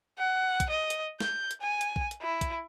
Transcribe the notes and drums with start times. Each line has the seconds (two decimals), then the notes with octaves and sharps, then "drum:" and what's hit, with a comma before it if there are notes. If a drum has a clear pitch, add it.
0.18 F#5
0.60 drum: kick A#1, hi-hat
0.69 D#5
0.90 drum: hi-hat
1.20 G6, drum: snare
1.51 drum: hi-hat
1.61 G#5
1.81 drum: hi-hat
1.96 drum: kick A#1
2.11 drum: hi-hat
2.21 E4
2.41 drum: kick A#1, hi-hat